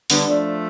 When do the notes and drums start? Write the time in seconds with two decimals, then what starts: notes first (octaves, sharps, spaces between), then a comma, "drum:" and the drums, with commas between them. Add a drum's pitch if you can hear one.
0.10 D3 G3 B3, drum: open hi-hat
0.28 F3 A3